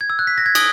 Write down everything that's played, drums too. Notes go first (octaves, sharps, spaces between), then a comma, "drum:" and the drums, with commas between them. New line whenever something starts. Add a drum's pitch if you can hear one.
G#6
E6
F#6
B6
A#6
G#6
D#6, drum: cymbal